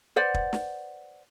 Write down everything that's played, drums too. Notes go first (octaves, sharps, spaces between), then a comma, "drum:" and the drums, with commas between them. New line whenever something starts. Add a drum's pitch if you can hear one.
B4 C5 D5 F#5
drum: kick
drum: snare